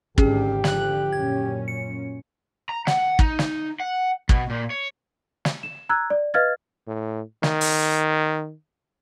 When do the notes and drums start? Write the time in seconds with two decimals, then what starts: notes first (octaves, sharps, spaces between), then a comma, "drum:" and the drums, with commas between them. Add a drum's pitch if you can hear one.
0.18 G#1 D3 C#4 G4 G#4, drum: kick
0.64 D3 F3 F#6 F#7, drum: snare
1.13 F#2 A#2 C#4 G#6
1.68 C#7
2.69 A#5
2.87 F#5, drum: snare
3.19 D#4, drum: kick
3.39 drum: snare
3.80 F#5
4.29 B2, drum: kick
4.50 A#2
4.70 C#5
5.45 drum: snare
5.63 E7
5.89 A#5 E6 F#6 G#6
6.10 D5
6.34 B4 D#5 F5 F6 G#6 A6
6.87 A2
7.43 D#3, drum: snare
7.61 drum: open hi-hat